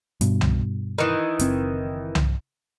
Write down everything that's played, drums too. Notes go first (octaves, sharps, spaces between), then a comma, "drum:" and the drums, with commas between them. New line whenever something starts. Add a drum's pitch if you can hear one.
G2 B2, drum: hi-hat
drum: tom C2
D#3 E3
F#1 C4, drum: hi-hat
drum: tom C2